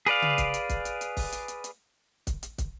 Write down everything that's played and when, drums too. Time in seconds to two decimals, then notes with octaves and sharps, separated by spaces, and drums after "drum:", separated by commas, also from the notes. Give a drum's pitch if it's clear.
0.06 G#4 B4 D5 F5
0.22 drum: tom C#3
0.38 drum: kick, hi-hat
0.54 drum: hi-hat
0.69 drum: kick, hi-hat
0.85 drum: hi-hat
1.01 drum: hi-hat
1.17 drum: kick, open hi-hat
1.32 drum: hi-hat
1.48 drum: hi-hat
1.64 drum: hi-hat
2.27 drum: kick, hi-hat
2.43 drum: hi-hat
2.58 drum: kick, hi-hat